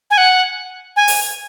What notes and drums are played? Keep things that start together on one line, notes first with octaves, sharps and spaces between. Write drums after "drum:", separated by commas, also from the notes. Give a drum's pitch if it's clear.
G#5
F#5
G#5
drum: open hi-hat